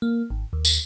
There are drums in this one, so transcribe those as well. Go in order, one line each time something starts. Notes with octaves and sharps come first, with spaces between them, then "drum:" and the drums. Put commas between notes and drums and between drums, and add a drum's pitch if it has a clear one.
A#3
G#1
D#2
drum: tambourine